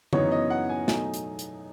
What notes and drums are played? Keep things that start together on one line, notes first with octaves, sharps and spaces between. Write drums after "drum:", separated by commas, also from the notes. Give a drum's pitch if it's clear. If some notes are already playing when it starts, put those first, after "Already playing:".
F#2 C#3 E3 B3 D#4 C#5, drum: tom D3
D#5
F#5
G#5
E2 B2 F#3 A3 D#4 G#5, drum: snare
drum: hi-hat
drum: hi-hat